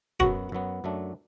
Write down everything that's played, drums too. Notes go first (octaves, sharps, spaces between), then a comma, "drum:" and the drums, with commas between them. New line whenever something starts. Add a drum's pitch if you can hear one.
F#2 F#3 B3 F#4, drum: kick
F#2 F#3 B3
F#2 F#3 A3 D4